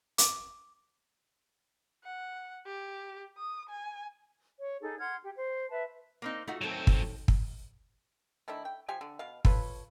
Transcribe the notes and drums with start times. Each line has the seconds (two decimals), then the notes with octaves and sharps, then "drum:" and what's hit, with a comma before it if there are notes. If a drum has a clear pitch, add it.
0.18 D6, drum: hi-hat
2.04 F#5
2.66 G4
3.38 D#6
3.69 G#5
4.58 C#5
4.81 D#4 G#4 A4
5.00 F#5 C6 F6 G#6
5.23 G4
5.35 C5
5.70 B4 E5 A5
6.22 A#3 C4 D#4
6.47 A3 D#4 F4 F#4
6.61 D#2 F#3 C4 A4
6.87 drum: kick
7.28 drum: kick
8.48 D#3 A3 D4 E4
8.65 G5
8.88 F3 G4 G#5
9.01 D3
9.19 B2 F5
9.45 F4 A4 B4 C#5, drum: kick